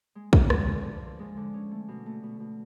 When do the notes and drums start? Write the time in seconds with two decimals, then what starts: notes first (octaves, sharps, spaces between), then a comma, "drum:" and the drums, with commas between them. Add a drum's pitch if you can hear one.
0.15 G#3
0.33 G#3, drum: kick
0.50 D3, drum: rim click
0.67 D3
0.85 F3
1.02 D3
1.19 G#3
1.37 D3
1.54 C#4
1.71 A3
1.88 B2
2.06 A3
2.23 B2
2.40 B2